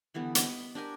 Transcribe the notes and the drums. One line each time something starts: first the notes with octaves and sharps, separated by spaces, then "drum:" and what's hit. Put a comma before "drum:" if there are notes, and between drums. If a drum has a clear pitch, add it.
D3 E3 G3 B3
B3 D#5 B5, drum: hi-hat
D4 G4 A#4 G#5